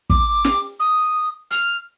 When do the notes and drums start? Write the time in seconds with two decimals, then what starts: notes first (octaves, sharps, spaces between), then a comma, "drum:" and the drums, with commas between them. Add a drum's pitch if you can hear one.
0.10 D6, drum: kick
0.45 drum: snare
0.79 D#6
1.51 F6, drum: hi-hat